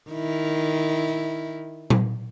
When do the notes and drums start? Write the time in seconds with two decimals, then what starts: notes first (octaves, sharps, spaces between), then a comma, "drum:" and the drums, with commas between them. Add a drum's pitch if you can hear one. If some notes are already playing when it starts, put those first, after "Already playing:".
0.10 D#3 E4
1.90 drum: tom A#2